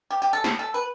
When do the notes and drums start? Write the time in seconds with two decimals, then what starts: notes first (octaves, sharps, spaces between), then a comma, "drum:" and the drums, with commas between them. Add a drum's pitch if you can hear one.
0.11 G4
0.22 G4
0.33 A4
0.44 drum: snare
0.59 A4
0.74 B4